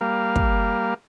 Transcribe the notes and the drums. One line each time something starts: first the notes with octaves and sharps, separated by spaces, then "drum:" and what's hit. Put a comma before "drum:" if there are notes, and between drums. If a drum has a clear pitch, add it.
G3 A#3 F5
drum: kick